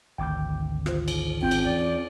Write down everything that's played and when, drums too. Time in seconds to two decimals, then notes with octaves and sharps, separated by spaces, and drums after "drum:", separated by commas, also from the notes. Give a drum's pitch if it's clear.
0.18 G#1 D2 G5 D6 G6
0.86 F4 C5, drum: rim click
1.08 drum: cymbal
1.42 G#1 C4 C#4 F4 G5
1.51 drum: cymbal
1.65 E2 D5